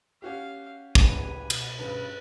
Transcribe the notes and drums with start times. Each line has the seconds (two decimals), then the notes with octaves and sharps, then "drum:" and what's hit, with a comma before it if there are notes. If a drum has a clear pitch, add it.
0.22 C#4 F#4 G4 F5
0.95 C#2 B4 G#5, drum: kick
1.50 B2, drum: cymbal
1.79 G2 C#3 B4